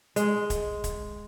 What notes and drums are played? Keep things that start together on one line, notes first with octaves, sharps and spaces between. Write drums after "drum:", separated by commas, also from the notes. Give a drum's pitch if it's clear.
G#3, drum: hi-hat
drum: kick, hi-hat
drum: kick, hi-hat